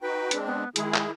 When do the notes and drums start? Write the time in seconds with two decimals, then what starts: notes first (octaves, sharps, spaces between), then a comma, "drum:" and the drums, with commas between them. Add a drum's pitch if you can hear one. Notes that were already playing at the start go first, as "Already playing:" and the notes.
0.02 D#4 F#4 B4 G5
0.31 G#3 C4 D4, drum: hi-hat
0.46 B3
0.76 D#3 G#3 E4 G#4, drum: hi-hat
0.94 drum: clap